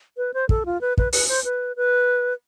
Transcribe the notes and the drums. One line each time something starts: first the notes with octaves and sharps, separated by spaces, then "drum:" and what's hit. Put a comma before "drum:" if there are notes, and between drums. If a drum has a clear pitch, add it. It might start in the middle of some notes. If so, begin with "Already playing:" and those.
B4
C5
A4, drum: kick
F4
B4
B4, drum: kick
B4, drum: open hi-hat
C5
B4
B4